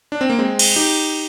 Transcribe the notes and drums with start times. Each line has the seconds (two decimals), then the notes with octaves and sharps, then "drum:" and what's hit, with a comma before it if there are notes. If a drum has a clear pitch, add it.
0.12 D4
0.21 C4
0.30 A#3
0.39 G#3 C4
0.59 drum: cymbal
0.76 D#4 G4